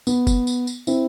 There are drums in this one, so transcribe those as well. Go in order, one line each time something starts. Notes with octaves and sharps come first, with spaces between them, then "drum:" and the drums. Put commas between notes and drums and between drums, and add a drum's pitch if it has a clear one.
B3, drum: tambourine
drum: kick F#1, tambourine
drum: tambourine
drum: tambourine
C4 E4, drum: tambourine